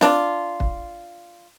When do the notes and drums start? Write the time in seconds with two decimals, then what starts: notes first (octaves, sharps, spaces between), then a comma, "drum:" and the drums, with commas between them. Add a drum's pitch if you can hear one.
0.01 D4 F4, drum: snare
0.60 drum: kick